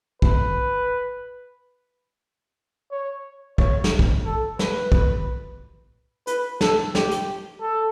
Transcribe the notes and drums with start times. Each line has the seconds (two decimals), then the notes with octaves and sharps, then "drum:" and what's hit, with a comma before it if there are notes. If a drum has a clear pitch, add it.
0.22 B4, drum: kick
2.92 C#5
3.58 C#5, drum: kick
3.84 drum: snare
3.99 drum: kick
4.26 A4
4.59 B4, drum: snare
4.92 drum: kick
6.27 B4, drum: hi-hat
6.61 A4, drum: snare
6.95 G4, drum: snare
7.11 drum: hi-hat
7.62 A4